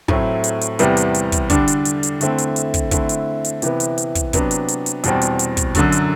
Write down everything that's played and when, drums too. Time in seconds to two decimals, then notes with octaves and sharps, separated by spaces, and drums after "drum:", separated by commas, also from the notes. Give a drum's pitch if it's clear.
0.08 A2 F#3 A3 C4 E4, drum: kick
0.44 drum: hi-hat
0.61 drum: hi-hat
0.79 E2 C3 G3 B3 E4, drum: hi-hat
0.97 drum: hi-hat
1.14 drum: hi-hat
1.32 drum: kick, hi-hat
1.50 D3 G3 D4, drum: kick, hi-hat
1.68 drum: hi-hat
1.85 drum: hi-hat
2.03 drum: hi-hat
2.21 D3 A3 C4 E4, drum: hi-hat
2.38 drum: hi-hat
2.56 drum: hi-hat
2.74 drum: kick, hi-hat
2.91 D3 A3 C4 E4, drum: kick, hi-hat
3.09 drum: hi-hat
3.44 drum: hi-hat
3.62 C3 E3 B3 E4, drum: hi-hat
3.80 drum: hi-hat
3.98 drum: hi-hat
4.15 drum: kick, hi-hat
4.33 C3 F#3 B3 D4, drum: kick, hi-hat
4.51 drum: hi-hat
4.68 drum: hi-hat
4.86 drum: hi-hat
5.04 E2 B2 G3 C4, drum: hi-hat
5.21 drum: hi-hat
5.39 drum: hi-hat
5.57 drum: kick, hi-hat
5.75 F#2 D3 F#3, drum: kick, hi-hat
5.92 drum: hi-hat